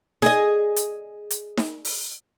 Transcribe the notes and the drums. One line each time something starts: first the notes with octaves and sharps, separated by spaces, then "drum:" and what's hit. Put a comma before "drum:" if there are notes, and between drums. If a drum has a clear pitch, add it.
G#4 D#5, drum: snare D#4
drum: hi-hat
drum: hi-hat
drum: snare D#4
drum: open hi-hat